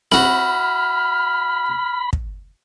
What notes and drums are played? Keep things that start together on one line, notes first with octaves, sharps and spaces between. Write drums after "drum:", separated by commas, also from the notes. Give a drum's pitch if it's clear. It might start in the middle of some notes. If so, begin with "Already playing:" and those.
E4 F#4 B5 F6, drum: snare C4
drum: kick